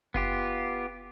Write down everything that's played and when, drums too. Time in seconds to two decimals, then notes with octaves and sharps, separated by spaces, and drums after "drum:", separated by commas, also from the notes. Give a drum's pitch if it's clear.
0.14 B3 F4 G4, drum: kick F#1